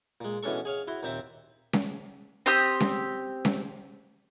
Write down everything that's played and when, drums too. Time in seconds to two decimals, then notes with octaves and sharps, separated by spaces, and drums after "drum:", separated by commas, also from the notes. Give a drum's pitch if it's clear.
0.21 A#2 G#3
0.43 B2 E3 C#4 D4 A4 C#6
0.65 G#4 C#5 F5
0.88 E4 F#4 C6
1.03 D#2 A#2 C4 C5 E5
1.73 drum: snare C#4
2.46 C4 G4 D#6
2.80 drum: snare C#4
3.45 drum: snare C#4